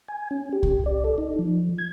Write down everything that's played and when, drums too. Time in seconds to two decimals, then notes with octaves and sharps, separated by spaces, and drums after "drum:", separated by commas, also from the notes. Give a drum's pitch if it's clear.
0.08 G#5
0.31 C#4
0.53 G4
0.63 drum: kick C2
0.86 D5
1.04 A4
1.18 D#4
1.39 F3
1.78 G#6